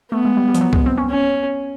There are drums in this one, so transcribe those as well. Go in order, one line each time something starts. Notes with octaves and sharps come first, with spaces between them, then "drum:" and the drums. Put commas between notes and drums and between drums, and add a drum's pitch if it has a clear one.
A3 B3
G#3
G3
G3
F3, drum: hi-hat
F#3
G#3, drum: kick C2
C4
C#4
C#4